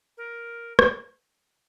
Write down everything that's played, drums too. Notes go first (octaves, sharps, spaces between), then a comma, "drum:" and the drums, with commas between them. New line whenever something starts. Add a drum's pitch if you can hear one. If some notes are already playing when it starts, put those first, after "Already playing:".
A#4
drum: rim click